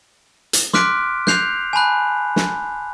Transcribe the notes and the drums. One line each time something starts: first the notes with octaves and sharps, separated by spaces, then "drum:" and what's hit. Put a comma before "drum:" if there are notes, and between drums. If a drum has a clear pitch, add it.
drum: hi-hat
C6 D6 F6 F#6 B6 D7, drum: snare
F#6 G6 C7 F7, drum: snare
G#5 A5 B5 F#6
drum: snare